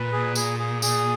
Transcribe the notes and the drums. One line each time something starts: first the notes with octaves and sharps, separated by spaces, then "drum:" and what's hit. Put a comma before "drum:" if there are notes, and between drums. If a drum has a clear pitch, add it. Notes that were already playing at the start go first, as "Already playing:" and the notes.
Already playing: A#2 B4
G#4
G#4, drum: tambourine
G#4
G#4, drum: tambourine